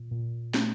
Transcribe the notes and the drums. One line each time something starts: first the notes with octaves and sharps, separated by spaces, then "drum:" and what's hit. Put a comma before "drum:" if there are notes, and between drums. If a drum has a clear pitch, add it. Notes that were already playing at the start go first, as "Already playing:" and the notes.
Already playing: A#2
A#2
A3, drum: snare